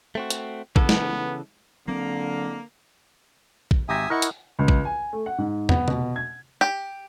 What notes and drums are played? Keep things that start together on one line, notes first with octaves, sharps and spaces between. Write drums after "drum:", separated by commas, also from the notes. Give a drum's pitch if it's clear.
A3 C4 F#4
drum: hi-hat
C#3 E3 B3 A4, drum: kick
drum: snare
D3 F#3 A#3 C4
drum: kick
G#1 G4 E5 G#5 A#5 D#6
E4 A#4 D#5 F#5 C#6
drum: hi-hat
C#2
drum: kick
G#5
A3
F#5
G#2
B3, drum: tom
B2, drum: tom C3
G#6
G4